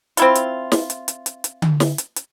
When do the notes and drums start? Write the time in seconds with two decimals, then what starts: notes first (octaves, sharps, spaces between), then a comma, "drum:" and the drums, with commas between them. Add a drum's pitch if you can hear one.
0.17 C4 E4 F4, drum: hi-hat
0.35 drum: hi-hat
0.72 drum: snare
0.90 drum: hi-hat
1.08 drum: hi-hat
1.26 drum: hi-hat
1.44 drum: hi-hat
1.62 drum: tom D3
1.80 drum: snare
1.98 drum: hi-hat
2.16 drum: hi-hat